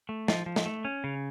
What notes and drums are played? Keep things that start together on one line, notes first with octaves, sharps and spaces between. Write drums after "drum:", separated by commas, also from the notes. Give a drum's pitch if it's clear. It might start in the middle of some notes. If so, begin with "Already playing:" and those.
A3
F3, drum: snare
F3
drum: snare
A3
C#4
C#3